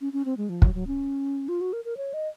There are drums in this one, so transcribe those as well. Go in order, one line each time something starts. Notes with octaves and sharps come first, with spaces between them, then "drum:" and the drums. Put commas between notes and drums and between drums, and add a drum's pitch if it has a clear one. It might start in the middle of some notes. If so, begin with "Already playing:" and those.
C#4
C#4
C4
G#3
F3
F#3, drum: kick
F#3
C#4
F4
F#4
A#4
A#4
C#5
D#5